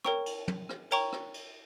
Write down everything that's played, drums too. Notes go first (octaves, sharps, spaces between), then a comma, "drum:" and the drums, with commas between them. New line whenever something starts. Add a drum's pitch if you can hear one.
A#4 C#5 G5 A#5 C#6, drum: rim click
drum: cymbal
drum: tom
drum: rim click
A#4 C#5 G5 A#5 C#6, drum: cymbal
drum: rim click
drum: cymbal